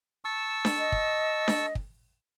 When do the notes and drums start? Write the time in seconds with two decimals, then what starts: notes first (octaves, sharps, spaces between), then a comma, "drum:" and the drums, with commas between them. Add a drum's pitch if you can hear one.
0.25 A5 C#6 E6
0.65 drum: snare D4
0.78 D#5
0.92 drum: kick
1.48 drum: snare D4
1.75 drum: kick